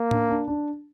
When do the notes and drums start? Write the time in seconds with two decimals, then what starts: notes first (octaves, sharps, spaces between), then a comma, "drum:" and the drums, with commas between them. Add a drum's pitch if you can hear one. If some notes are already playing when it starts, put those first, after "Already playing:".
Already playing: A#3
0.11 D4, drum: tom A2
0.30 D4
0.48 D4